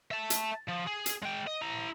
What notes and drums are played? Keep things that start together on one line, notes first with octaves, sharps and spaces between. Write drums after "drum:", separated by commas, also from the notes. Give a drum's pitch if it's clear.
E5 A5
drum: hi-hat
F3
G#4
drum: hi-hat
G#3 G5
D#5
E4 A#5